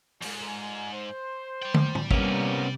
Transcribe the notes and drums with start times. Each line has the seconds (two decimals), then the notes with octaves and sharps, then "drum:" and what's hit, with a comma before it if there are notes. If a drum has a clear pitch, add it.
0.22 F2 G#2 F4 D5 G#5, drum: open hi-hat
0.93 C5
1.62 D5 G5
1.74 drum: tom
1.95 drum: tom
2.11 C3 G3 A#3 B3 C#4, drum: kick